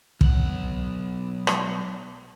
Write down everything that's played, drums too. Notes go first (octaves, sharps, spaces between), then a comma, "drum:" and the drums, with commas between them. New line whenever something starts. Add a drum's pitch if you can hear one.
B1 F#5, drum: kick
drum: rim click